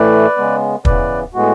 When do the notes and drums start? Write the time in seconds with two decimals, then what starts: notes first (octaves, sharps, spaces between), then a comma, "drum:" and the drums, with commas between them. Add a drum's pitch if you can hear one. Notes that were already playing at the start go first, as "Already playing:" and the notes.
Already playing: A2 E3 A3 B4 D5
0.37 C#3 G#3 B3
0.85 C#3 E3 B3 B4 D5, drum: kick
1.34 A2 G#3 B3 F#4